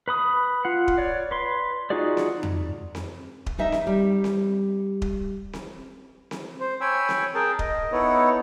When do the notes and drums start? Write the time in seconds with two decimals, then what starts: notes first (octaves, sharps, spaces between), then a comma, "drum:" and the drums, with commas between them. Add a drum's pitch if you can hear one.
0.08 B4 B5 D#6
0.65 F4 F#5
0.88 drum: kick D#1
0.98 C#5 D5
1.31 B4 C6
1.90 D#4 F4 F#4 G#4 D5
2.17 drum: snare C4
2.43 drum: tom F2
2.95 drum: snare C4
3.46 drum: kick D#1
3.58 D#4 D#5 E5
3.72 drum: snare C4
3.87 G3
4.24 drum: snare C4
5.02 drum: kick D#1
5.53 drum: snare C4
6.31 drum: snare C4
6.60 C5
6.81 C#5 G5 G#5 B5 E6
7.09 drum: snare C4
7.35 G#4 A#4 G5 A5
7.59 D#5, drum: kick D#1
7.92 B3 D#4 E4 A4 B4 C#5